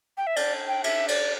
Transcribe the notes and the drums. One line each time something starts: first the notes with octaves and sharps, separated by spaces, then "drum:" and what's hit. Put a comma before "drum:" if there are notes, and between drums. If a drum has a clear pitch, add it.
G5
E5
D5, drum: cymbal
G5
E5, drum: cymbal
D5, drum: cymbal